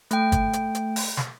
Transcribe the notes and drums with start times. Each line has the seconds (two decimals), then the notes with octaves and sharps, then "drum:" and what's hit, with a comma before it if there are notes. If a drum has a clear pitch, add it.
0.11 A3 G5, drum: hi-hat
0.32 drum: kick G1, hi-hat
0.53 drum: hi-hat
0.75 drum: hi-hat
0.96 drum: open hi-hat
1.17 drum: snare